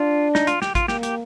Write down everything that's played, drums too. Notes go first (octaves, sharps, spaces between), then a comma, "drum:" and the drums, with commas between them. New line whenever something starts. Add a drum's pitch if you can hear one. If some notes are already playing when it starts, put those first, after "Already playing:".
Already playing: D4 F4
D#4, drum: snare
F4, drum: hi-hat
G4, drum: snare
F4, drum: kick A1, hi-hat
A#3 G4, drum: snare
G4, drum: hi-hat